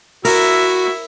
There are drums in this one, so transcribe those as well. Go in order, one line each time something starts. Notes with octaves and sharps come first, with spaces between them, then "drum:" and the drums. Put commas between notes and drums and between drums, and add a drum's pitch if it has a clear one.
E4 F#4 A#4 E5, drum: open hi-hat